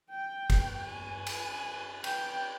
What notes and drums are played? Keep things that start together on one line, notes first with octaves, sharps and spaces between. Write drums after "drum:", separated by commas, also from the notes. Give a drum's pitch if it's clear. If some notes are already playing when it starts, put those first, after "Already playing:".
G5
drum: kick, cymbal
G#5
drum: cymbal
G5, drum: cymbal